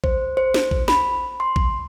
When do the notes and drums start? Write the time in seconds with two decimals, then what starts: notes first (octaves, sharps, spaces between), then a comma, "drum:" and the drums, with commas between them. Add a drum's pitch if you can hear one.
0.04 C5, drum: kick A#1
0.37 C5
0.54 drum: snare
0.71 drum: kick A#1
0.88 B5, drum: snare
1.40 C6
1.56 drum: kick A#1